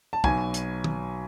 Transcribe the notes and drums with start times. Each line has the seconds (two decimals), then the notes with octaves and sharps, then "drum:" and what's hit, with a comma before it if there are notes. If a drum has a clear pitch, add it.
0.13 A5
0.24 B1 B2 G#5, drum: kick
0.54 drum: hi-hat
0.84 drum: tom